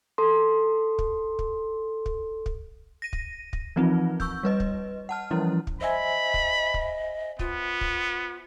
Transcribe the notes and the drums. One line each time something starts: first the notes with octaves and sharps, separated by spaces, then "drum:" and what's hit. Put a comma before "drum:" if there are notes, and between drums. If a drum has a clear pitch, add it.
A4 C6
drum: kick
drum: kick
drum: kick
drum: kick
A#6 D#7
drum: kick
drum: kick
E3 F3 C4 D#4 F4
C#6 E6 G6, drum: kick
G3 B4 D#5
drum: kick
F#5 A5 F6
E3 F3 G3 C#4 E4
drum: kick
C5 D#5 E5 G#5 B5
drum: kick
drum: kick
B3 F4, drum: kick
drum: kick